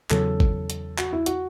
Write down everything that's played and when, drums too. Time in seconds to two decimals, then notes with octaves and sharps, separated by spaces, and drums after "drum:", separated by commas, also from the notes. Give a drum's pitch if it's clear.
0.10 E2 C#3 F#3 A4, drum: clap
0.40 drum: kick
0.70 drum: hi-hat
0.98 F#4, drum: clap
1.13 E4
1.26 F#4, drum: hi-hat